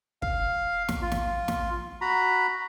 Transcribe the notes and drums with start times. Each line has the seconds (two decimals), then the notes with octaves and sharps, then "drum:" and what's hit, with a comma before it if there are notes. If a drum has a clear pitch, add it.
0.22 F5, drum: kick
0.89 drum: snare
1.02 F4
1.12 drum: snare
1.48 drum: snare
2.01 F#4 A#5 B5